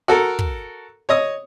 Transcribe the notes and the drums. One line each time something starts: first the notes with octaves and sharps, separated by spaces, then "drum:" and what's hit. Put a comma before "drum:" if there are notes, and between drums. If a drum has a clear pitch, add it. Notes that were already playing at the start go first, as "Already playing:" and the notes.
F#4 A4 A#4
drum: kick
C#5 D#5 D#6